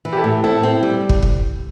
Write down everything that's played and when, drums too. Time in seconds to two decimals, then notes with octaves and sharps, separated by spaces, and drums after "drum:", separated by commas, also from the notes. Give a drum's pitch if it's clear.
0.05 E3
0.13 G4
0.17 E4 A4
0.24 A2
0.44 C4 E4 A4
0.63 C4
0.83 G3
1.09 drum: kick
1.22 drum: kick